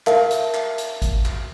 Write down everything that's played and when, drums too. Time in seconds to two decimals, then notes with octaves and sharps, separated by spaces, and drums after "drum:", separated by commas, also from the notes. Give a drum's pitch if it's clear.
0.07 A#4 E5 F5 A5, drum: clap
0.31 drum: hi-hat
0.54 drum: clap
0.78 drum: hi-hat
1.02 drum: kick G#1, hi-hat
1.25 drum: clap